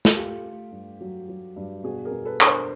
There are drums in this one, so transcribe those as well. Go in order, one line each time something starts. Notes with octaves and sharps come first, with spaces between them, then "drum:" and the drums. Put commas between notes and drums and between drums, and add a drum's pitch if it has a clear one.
drum: snare
A3 F4 G4
A3
G2
F#3
F#3
G2
B2 F#4 G#4
G#4 A#4
B2
A4 B4
D4, drum: clap
A#4 C5